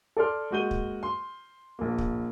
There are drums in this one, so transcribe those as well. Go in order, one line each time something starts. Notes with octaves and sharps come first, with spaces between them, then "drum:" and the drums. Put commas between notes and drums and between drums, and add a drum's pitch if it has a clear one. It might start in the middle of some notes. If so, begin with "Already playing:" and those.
A4 D5 C6 F6
G#3 A#3 F#4 G6 D#7 G7
drum: kick
C6
A#1 A#3
drum: kick